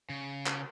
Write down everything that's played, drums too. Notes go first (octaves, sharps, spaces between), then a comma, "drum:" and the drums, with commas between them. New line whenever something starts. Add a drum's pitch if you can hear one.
C#3
drum: clap